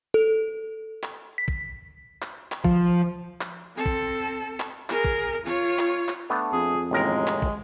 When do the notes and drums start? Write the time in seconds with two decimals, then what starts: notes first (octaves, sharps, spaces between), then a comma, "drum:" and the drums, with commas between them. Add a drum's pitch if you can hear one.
0.14 A4
1.03 drum: clap
1.38 B6
1.48 drum: kick
2.22 drum: clap
2.52 drum: clap
2.64 F3, drum: kick
3.41 drum: clap
3.76 C4 A4
3.86 drum: kick
4.60 drum: clap
4.90 G#4 A#4, drum: clap
5.05 drum: kick
5.45 F4 C#5
5.79 drum: clap
6.09 drum: clap
6.30 A3 B3 D4
6.53 F2 G#4
6.91 A1 D#2 G#3 A#4
7.27 drum: clap
7.42 drum: kick